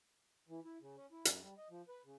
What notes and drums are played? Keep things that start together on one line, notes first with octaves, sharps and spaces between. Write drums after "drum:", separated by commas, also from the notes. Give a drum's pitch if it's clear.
E3
E4
C#3
C#4
E4
F#2, drum: hi-hat
G3
D#5
F3
B4
C#3